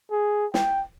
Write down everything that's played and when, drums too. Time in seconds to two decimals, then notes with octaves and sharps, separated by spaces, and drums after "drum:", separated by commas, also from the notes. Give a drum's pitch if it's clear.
0.11 G#4
0.54 G5, drum: snare